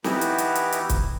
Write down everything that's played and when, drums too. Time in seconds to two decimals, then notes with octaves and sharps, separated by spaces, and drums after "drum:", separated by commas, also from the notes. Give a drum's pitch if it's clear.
0.04 E3 B3 D#4 E4 F#4 G4, drum: snare
0.21 drum: hi-hat
0.38 drum: hi-hat
0.55 drum: hi-hat
0.72 drum: hi-hat
0.89 drum: kick C#1, hi-hat